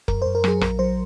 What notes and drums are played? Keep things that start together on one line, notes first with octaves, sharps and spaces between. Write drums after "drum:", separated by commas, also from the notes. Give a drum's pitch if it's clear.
F#2 A#4, drum: kick F1
F#2 C5
A#4
F#3 G#4, drum: rim click
A#1 A#4, drum: rim click
F#3 C5